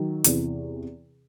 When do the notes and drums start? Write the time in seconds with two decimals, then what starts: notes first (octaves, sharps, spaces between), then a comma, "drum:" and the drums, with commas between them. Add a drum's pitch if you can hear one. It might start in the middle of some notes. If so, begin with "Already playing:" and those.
Already playing: D#3 F#3
0.24 E2 C3 E3, drum: hi-hat